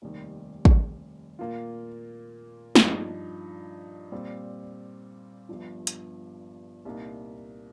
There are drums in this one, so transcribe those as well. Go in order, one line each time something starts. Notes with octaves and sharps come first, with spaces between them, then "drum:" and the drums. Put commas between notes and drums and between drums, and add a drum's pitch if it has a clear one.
F1 D#2 D#3 G3
drum: kick
A#2 A#3 F4
G2 F3 D#4, drum: snare
A#2 G3 C4
G1 G2 F3
drum: hi-hat
C2 A#2 A#3 D#4